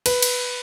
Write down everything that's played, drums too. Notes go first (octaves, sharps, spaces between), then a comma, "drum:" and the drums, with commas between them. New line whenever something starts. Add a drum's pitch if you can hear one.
B4, drum: cymbal
drum: cymbal